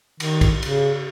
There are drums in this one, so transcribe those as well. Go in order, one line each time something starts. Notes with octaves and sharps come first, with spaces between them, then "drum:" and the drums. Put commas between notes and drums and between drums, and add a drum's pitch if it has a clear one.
D#3, drum: cymbal
drum: kick, cymbal
C#3, drum: cymbal